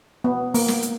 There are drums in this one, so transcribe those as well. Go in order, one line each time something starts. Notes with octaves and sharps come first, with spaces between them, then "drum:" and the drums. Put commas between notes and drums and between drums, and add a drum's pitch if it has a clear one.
B3
A#3, drum: open hi-hat
drum: snare
drum: hi-hat